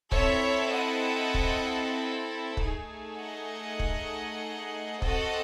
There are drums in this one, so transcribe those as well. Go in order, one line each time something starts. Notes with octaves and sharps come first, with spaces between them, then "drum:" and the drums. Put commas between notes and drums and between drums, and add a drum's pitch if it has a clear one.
C4 E4 A4 C#5 E5, drum: kick
D#5 F#5
drum: kick
A3 D#4 G#4, drum: kick
D#5 F#5
drum: kick
C4 F#4 A4 D#5 F#5, drum: kick